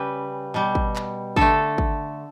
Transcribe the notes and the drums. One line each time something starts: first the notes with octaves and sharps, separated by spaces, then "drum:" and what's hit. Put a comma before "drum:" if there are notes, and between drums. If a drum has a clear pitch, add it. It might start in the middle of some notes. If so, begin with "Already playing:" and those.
Already playing: C#3 G3 B4
B2 G3
drum: kick
drum: clap
D3 A3 A4, drum: kick
drum: kick